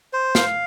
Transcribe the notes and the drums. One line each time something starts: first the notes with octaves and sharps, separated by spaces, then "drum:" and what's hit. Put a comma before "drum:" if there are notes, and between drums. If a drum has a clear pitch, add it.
C5
F5, drum: snare